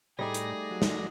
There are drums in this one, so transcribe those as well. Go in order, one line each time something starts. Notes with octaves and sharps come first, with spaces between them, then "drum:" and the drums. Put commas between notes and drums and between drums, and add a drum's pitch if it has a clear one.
A2 G3 A3 D#4 G#4 D5 A#6
drum: hi-hat
F#3
drum: snare